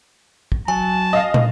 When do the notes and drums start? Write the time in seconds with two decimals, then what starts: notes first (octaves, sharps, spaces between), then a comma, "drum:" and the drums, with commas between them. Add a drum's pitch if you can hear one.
0.52 drum: kick
0.68 F#3 G#5 A5
1.13 D#5 F5
1.34 drum: tom